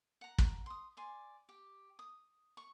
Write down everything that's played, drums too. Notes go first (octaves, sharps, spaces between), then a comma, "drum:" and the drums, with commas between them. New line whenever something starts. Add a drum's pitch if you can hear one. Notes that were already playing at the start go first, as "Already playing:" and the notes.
F#5 A#5
drum: kick
C6 D#6
D5 G#5 C6
G4
D#6
C#6